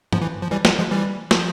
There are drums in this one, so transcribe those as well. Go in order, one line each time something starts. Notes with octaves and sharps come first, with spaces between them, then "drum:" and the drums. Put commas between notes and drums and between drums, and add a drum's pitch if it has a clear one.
F3, drum: tom G2
E3
F3
E3 G3
F3 G#3, drum: snare
F3 G#3
E3 G3
F3, drum: snare